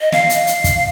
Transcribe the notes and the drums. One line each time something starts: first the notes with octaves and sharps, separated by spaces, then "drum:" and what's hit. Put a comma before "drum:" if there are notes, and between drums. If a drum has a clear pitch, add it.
D#5
F5, drum: snare
drum: hi-hat
drum: hi-hat
drum: kick, hi-hat